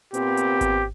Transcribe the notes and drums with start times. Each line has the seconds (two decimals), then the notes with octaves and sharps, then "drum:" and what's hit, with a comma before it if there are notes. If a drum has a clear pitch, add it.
0.14 A#2 B3 C4 G4, drum: hi-hat
0.37 drum: hi-hat
0.61 drum: kick G#1, hi-hat